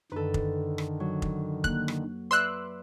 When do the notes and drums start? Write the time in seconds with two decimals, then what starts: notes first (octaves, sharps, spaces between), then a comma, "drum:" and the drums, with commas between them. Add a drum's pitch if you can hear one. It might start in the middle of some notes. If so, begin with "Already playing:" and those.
0.12 F#2 D3 D#3 A4 B4
0.34 drum: kick F1
0.78 drum: rim click
1.00 F#3
1.22 drum: kick F1
1.64 A#3 F#6, drum: kick F1
1.88 drum: rim click
2.31 B4 D5 E5 C6 E6 F#6